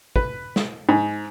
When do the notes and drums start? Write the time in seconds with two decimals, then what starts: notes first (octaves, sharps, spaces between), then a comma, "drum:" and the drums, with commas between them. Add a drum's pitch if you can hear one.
0.16 B4, drum: kick
0.56 drum: snare
0.89 G#2